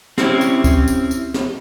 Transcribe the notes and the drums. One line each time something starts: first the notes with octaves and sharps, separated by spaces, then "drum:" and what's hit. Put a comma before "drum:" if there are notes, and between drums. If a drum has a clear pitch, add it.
C4 C#4 E4 G4, drum: snare
drum: tambourine
drum: kick, tambourine
drum: tambourine
drum: tambourine
drum: snare